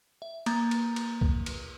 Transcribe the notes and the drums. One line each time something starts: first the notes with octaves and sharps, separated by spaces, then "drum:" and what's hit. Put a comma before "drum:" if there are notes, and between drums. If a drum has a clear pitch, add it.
E5
A#3 A#5 D#6 G6 A6, drum: cymbal
drum: cymbal
drum: cymbal
drum: kick
drum: cymbal